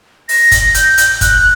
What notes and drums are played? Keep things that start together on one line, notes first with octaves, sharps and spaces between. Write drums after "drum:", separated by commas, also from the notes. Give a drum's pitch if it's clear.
A#6, drum: open hi-hat
drum: kick F#1, hi-hat
G6, drum: hi-hat
drum: hi-hat
G6
F#6, drum: kick F#1, hi-hat